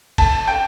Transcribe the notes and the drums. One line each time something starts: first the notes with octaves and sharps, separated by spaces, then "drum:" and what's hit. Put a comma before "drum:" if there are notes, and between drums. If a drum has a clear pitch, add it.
A5, drum: kick, cymbal
G5